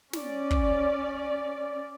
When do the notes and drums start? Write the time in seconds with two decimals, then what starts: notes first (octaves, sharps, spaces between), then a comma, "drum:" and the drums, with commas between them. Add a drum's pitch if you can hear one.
0.13 C#4 D5, drum: snare
0.51 drum: kick